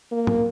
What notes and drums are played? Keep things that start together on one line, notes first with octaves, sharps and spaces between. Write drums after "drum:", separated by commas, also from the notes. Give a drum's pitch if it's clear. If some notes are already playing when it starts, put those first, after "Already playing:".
A#3
drum: tom